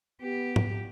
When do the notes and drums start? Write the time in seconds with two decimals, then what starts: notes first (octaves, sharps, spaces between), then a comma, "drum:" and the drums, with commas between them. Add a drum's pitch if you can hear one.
0.22 B3 G4
0.56 drum: tom